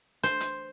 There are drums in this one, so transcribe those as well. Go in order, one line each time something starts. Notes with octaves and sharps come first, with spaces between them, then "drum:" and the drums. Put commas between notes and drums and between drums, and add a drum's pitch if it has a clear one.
C5, drum: hi-hat
drum: hi-hat